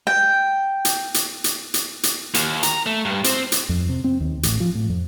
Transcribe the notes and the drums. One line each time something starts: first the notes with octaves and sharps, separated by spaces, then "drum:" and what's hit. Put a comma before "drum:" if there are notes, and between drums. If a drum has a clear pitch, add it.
G5
drum: hi-hat
drum: hi-hat
drum: hi-hat
drum: hi-hat
drum: hi-hat
D#2, drum: hi-hat
A#5, drum: hi-hat
A3
G2
C4, drum: hi-hat
drum: hi-hat
F2
C3
C4
D#2
A1, drum: hi-hat
F3
A2
F2